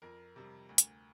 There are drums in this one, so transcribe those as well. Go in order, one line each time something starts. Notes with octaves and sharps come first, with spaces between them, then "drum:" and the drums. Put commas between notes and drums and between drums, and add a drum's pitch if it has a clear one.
F2 A#4
C3 G3
D2
drum: hi-hat